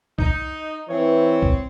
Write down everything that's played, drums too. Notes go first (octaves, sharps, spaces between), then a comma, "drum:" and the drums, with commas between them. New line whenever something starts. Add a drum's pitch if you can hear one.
D#4, drum: kick C2
E3 C4 C#5
drum: kick C2